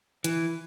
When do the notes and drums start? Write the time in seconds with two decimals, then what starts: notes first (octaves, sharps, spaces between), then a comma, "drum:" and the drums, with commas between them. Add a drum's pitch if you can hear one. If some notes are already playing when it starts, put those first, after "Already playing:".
0.24 E3, drum: hi-hat